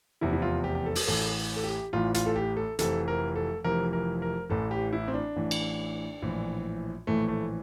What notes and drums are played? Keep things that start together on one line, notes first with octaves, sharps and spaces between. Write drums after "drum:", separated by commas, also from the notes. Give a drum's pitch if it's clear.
F1 E2 C3 E4
E4
F4
G4
G4
A4
drum: open hi-hat
A1 A2 E3 A4
A4
G4
A1 A2 E3 F4
F4, drum: hi-hat
A4
G4
A4
F1 F2 C3 E3 A4, drum: hi-hat
A#4
A4
F1 F2 C3 E3 A#4
A#4
A#4
A1 A2 E3 A4
G4
E4
C4
D4
A1 A2 E3
drum: cymbal
A#1 A2 E3
A#1 A2 E3 A3
A3